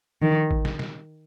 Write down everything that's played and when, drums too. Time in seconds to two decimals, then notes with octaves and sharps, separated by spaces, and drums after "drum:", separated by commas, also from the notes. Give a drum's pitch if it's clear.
0.22 D#3
0.51 drum: kick A1
0.65 drum: snare
0.79 drum: snare